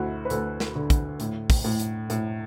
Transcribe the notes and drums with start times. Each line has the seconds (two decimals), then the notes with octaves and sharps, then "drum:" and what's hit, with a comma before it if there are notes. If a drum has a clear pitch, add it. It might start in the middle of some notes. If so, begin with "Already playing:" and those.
Already playing: D2 E4 F#4
0.25 B4
0.30 D2 A4, drum: hi-hat
0.60 drum: snare
0.75 D3
0.90 drum: kick, hi-hat
1.20 A2, drum: hi-hat
1.50 drum: kick, open hi-hat
1.64 A2
1.79 drum: hi-hat
2.10 A2, drum: hi-hat